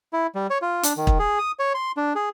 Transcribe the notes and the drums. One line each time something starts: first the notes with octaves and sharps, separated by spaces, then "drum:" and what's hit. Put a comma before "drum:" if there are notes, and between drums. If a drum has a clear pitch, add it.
E4
G3
C#5
F4
D4, drum: hi-hat
D#3
drum: kick
G#4
D#6
C#5
C6
D4
G#4